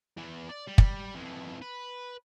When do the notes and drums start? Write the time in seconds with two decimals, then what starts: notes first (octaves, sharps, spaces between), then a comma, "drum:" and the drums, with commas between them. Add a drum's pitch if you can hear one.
0.18 E2 E3
0.49 D5
0.67 G3
0.78 drum: kick
1.14 F2 E3
1.62 B4